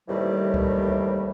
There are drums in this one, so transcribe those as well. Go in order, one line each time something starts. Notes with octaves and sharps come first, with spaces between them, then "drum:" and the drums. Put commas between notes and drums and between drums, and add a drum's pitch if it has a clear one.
D#2 A2 C3 E3 G3
drum: kick C#2